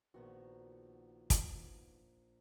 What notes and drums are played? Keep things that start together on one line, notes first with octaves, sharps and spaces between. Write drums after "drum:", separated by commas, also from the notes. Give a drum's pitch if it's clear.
A#1 D#3 B3 F#4
drum: kick, hi-hat